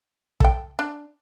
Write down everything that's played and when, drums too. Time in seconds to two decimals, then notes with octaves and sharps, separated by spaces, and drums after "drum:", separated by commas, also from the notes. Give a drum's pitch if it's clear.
0.40 A4 G5, drum: kick
0.79 D4